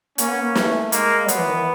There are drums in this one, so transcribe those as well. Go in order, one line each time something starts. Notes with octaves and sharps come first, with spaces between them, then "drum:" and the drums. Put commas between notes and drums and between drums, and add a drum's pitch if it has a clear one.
A#3 C#4, drum: hi-hat
B3
A#3
A3, drum: snare
G#3 A#3, drum: hi-hat
F#3 B3, drum: hi-hat
E3
D#3
E3